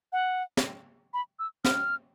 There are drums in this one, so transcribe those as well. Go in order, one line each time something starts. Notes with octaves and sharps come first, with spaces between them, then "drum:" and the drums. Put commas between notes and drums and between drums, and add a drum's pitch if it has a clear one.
F#5
drum: snare
B5
E6
F6, drum: snare